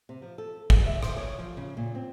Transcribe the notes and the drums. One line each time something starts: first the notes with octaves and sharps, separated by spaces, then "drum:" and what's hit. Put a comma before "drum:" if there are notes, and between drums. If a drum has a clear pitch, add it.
C3
F3
A4
G#4, drum: kick
E5
C5, drum: rim click
C#5
F3
C#3
A#2
C4